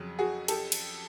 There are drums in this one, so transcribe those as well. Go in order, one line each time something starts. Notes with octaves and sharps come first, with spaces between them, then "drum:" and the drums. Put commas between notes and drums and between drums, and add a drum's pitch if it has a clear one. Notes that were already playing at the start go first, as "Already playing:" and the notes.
Already playing: F2 C#3 F#3
F#4 G#4
G4 A4, drum: cymbal
drum: cymbal